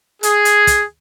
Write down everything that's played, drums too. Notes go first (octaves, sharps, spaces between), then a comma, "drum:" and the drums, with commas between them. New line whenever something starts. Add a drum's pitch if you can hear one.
G#4, drum: hi-hat
drum: hi-hat
drum: kick, hi-hat